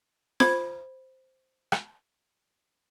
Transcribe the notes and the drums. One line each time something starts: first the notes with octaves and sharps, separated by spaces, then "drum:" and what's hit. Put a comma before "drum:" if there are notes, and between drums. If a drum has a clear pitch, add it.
C5 B5 G#6, drum: snare F4
drum: rim click